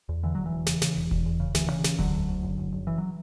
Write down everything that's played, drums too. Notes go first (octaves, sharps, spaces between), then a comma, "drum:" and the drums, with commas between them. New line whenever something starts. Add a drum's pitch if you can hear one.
E2
D3 E3
E1 F#3
E3
E1
C#3, drum: snare
C#3, drum: snare
E1
E1, drum: kick E1
E2
C#3
D2 E3, drum: snare
C#3
C#3, drum: snare
D2 D3 F#3, drum: kick E1
D2
D2
F#1
F#1
F#1
F#1 E3
F#3